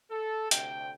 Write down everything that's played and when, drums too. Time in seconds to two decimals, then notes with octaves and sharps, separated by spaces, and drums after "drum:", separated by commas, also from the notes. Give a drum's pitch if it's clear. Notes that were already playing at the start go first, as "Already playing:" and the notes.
0.11 A4
0.51 D2 C3 G5, drum: hi-hat